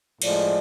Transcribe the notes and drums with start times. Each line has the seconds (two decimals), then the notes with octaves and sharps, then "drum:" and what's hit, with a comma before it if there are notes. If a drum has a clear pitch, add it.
0.22 A2 F3 G#3 D5, drum: cymbal